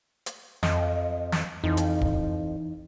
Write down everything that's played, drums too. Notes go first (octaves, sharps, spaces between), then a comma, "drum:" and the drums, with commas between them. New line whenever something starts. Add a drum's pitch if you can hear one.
drum: hi-hat
F2 D#5, drum: snare
drum: snare
F2 E3 D#4
drum: hi-hat
drum: kick